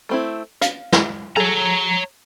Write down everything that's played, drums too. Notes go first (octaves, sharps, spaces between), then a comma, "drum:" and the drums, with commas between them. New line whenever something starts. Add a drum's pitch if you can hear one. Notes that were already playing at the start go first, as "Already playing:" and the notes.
A3 C4 E4
F5, drum: hi-hat
drum: snare
F#3 G#4 A4 C#5 A#5